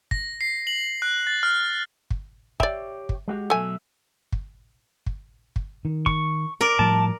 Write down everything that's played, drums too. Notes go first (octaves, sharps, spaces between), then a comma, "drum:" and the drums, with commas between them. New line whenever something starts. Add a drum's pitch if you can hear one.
A#6, drum: kick
C7
F#7
F#6
A6
F6
drum: kick
G4 C#5 D5 E5 G5, drum: kick
drum: kick
G#3 F#4 G4
B2 F#3 A3 E5 G#5
drum: kick
drum: kick
drum: kick
D#3
C#6, drum: kick
A#4 D5
A2 F3 G3 A5